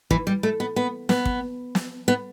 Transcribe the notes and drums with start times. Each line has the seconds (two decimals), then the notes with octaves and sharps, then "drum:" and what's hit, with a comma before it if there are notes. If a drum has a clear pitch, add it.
0.11 E3, drum: kick
0.27 G3
0.43 A3
0.60 B3
0.76 B3
1.09 B3, drum: snare
1.25 drum: kick
1.75 drum: snare
2.08 B3